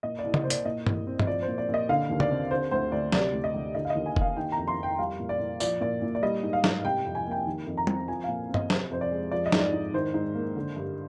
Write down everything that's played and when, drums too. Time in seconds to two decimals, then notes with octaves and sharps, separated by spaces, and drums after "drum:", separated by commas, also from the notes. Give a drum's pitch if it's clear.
0.03 A#2 D#5
0.19 D5
0.24 C2
0.34 D#5, drum: tom C#3
0.44 A#3 C5
0.50 D5, drum: hi-hat
0.65 A#2 D#5
0.87 C2, drum: tom G2
1.07 C4
1.20 D#5, drum: tom G2
1.27 F3 D5
1.42 C5
1.48 A#2
1.58 D5
1.69 A#2
1.74 D#5
1.89 D3 F5
2.10 D#2
2.20 D5, drum: tom C#3
2.31 C4
2.51 D3 C5
2.71 D2 C5
2.92 D2 D5
3.12 C3 D5, drum: snare
3.33 D2
3.44 D#5
3.54 D2
3.75 D3 D#5
3.85 F5
3.90 D#5
3.95 D#2
4.06 G#5
4.16 A#3 F5, drum: kick F1
4.37 D#3 G5
4.52 A#5
4.57 F2
4.68 C6
4.78 F2
4.83 G5
4.99 G3 F5
5.20 A#2
5.29 D5
5.40 A#2
5.60 F3 D5, drum: tambourine
5.81 A#2 D5
6.02 A#2
6.15 D5
6.22 G3 D#5
6.43 G#2
6.53 F5
6.64 G#2, drum: snare
6.84 C3 G5
7.05 F2
7.15 G#5
7.26 A#3
7.31 G5
7.47 D#3
7.66 F2
7.77 A#5
7.87 C4, drum: tom
8.08 F3 G#5
8.24 A#2 F5
8.49 C4
8.54 D#5, drum: tom G2
8.70 C3 C5, drum: snare
8.91 F2 C5
9.01 D5
9.12 G#3
9.31 F3 D5
9.46 D#5
9.52 G#2, drum: snare
9.59 D5
9.73 G#2
9.94 D#3 C5
10.14 G#2
10.35 A#3
10.56 D3
10.76 G2